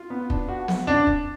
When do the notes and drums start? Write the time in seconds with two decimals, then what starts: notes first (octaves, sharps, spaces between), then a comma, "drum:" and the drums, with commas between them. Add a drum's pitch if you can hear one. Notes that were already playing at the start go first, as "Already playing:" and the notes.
Already playing: F4
0.10 B3
0.30 D4, drum: kick
0.48 F#4
0.68 F#4, drum: snare B3
0.87 D4
1.07 drum: kick